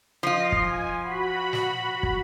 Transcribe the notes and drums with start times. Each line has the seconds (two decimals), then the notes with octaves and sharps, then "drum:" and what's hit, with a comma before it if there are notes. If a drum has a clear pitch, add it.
0.23 F3 F4 D#5
0.52 drum: kick
0.62 G#5
1.03 F#4 B5
1.53 drum: snare
2.03 drum: kick